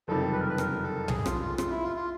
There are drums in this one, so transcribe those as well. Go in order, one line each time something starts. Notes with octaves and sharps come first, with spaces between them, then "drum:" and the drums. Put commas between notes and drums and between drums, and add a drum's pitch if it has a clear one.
F#1 F2 C3 D#3 G3 A4
B4
A#4
B4
A#4, drum: rim click
A4
G#4, drum: tom B1
F4, drum: rim click
F4
F4, drum: rim click
E4
F4
F4